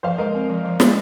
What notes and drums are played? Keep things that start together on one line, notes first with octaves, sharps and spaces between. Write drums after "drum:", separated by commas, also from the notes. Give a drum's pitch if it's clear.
F3 C5 F5
G#3 A#4 D#5
C4
F3
F3
G#3, drum: snare